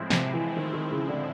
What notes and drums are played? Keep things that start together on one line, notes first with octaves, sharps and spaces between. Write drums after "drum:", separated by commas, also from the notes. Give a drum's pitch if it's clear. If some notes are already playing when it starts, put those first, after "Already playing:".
Already playing: A2 F3 G#3 C4 E4
C3, drum: snare
E3
D#3
D#3
C#3
D3